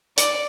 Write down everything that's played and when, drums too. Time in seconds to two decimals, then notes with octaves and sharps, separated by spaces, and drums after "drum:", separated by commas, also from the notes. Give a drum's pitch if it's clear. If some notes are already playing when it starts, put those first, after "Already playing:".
0.17 D5, drum: hi-hat